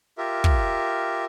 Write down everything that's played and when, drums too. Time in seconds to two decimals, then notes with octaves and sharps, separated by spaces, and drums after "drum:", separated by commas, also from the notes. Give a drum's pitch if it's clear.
0.18 F4 G4 A#4 E5
0.44 drum: kick